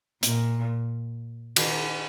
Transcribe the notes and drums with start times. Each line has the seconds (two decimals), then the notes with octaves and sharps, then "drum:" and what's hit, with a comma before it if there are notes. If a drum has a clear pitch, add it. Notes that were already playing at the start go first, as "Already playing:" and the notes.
0.23 A#2, drum: hi-hat
1.56 D#3, drum: cymbal